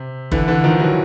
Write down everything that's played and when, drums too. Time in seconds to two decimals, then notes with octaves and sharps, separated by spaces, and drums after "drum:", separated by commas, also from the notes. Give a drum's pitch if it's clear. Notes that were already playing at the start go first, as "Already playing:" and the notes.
Already playing: C3
0.32 D3 E3, drum: kick G1
0.48 D3 E3
0.64 D#3 F3
0.80 E3 F#3